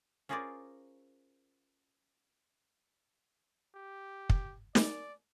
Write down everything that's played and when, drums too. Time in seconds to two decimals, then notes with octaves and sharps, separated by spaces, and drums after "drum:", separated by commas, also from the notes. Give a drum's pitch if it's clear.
0.29 C#4 F4 G#4 A#4 C5 D5
3.75 G4
4.30 drum: kick
4.75 D5, drum: snare